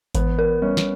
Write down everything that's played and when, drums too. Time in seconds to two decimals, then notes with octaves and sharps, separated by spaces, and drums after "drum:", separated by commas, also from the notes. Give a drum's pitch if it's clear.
0.15 E3 B3, drum: kick G#1, hi-hat
0.39 A#4
0.62 G3 C#4
0.77 drum: snare